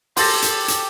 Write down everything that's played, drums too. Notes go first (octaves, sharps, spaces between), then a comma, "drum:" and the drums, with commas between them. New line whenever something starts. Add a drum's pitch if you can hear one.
G4 A4 C6 A6 A#6, drum: open hi-hat
drum: hi-hat
drum: hi-hat